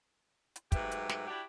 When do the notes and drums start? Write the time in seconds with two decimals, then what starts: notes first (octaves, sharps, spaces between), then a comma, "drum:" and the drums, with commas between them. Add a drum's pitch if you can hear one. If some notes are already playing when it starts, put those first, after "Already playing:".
0.56 drum: hi-hat
0.72 G#2 F#3 A3 G4 B4 E5, drum: kick, hi-hat
0.91 drum: hi-hat
1.09 drum: snare
1.27 D4 E4 F#4 G4